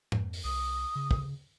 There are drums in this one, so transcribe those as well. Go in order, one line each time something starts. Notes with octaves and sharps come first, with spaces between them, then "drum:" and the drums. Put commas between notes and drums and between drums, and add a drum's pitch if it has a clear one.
F2, drum: tom G#2
drum: open hi-hat
C2 D#6
C#3
drum: kick